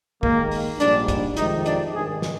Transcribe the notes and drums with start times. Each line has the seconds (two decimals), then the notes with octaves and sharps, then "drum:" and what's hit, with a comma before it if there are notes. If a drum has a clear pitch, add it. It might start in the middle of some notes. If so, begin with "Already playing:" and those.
0.23 D#2 D#3 G#3 A#3, drum: kick
0.51 drum: open hi-hat
0.80 A#1 G#2 G3 D4, drum: hi-hat
1.08 drum: kick, hi-hat
1.37 F2 C3 D#3 G#3 D#4, drum: hi-hat
1.66 D4, drum: hi-hat
1.93 G#1 G2 D#3 G#4
2.22 drum: snare